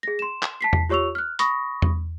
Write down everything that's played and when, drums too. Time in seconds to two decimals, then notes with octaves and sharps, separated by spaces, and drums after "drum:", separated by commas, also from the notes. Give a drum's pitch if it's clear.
0.03 G#4 A#6
0.19 C6 E7
0.42 drum: clap
0.61 A5 B6 C7
0.73 drum: tom E2
0.89 F4 G4 C#5 C#6 E6 F7
1.15 F6 F#6
1.39 B5 C#6 D#6 A#6, drum: hi-hat
1.82 drum: tom E2